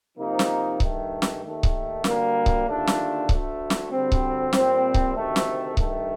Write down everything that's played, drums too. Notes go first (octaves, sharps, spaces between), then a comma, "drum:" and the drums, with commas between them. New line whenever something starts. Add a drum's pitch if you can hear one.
C3 F3 A#3 D#4
drum: snare
G2 D#3 A3, drum: kick C#1
drum: snare
D#2 D#3 A3
drum: kick C#1
D2 D3 G3 A#3, drum: snare
drum: kick C#1
D#2 D3 A3 D4 F4
drum: snare
D2 D3 A3, drum: kick C#1
drum: snare
D2 D3 G3 C4
drum: kick C#1
A#2 G3 C4, drum: snare
drum: kick C#1
D2 C3 D#3 A3
drum: snare
G2 D#3 A3, drum: kick C#1